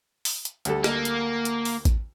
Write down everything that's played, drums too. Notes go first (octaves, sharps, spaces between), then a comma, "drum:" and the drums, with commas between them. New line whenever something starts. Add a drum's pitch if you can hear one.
drum: open hi-hat
drum: hi-hat
D2 G3 A4, drum: hi-hat
A#3, drum: snare
drum: hi-hat
drum: hi-hat
drum: open hi-hat
drum: kick A1, hi-hat